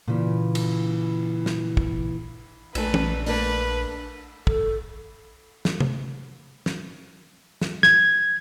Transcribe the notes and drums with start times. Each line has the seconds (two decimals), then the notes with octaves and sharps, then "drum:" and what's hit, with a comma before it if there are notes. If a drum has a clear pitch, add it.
0.08 A#2 C#3 E3
0.55 drum: cymbal
1.46 drum: snare
1.77 drum: kick
2.75 A#1 A#2 A3 B4, drum: cymbal
2.94 drum: tom
3.26 A3 A#3 D4 B4, drum: open hi-hat
4.47 A4, drum: kick
5.65 drum: snare
5.80 drum: tom C3
6.66 drum: snare
7.61 drum: snare
7.83 G#6, drum: snare